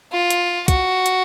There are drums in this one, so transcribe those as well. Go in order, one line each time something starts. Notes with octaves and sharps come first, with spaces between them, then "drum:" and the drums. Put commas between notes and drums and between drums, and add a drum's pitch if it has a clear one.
F4
drum: hi-hat
F#4, drum: kick, hi-hat
drum: hi-hat